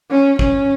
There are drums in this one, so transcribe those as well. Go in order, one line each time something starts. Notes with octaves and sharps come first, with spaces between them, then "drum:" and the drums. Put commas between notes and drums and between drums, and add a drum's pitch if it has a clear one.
C#4
C#4, drum: kick G#1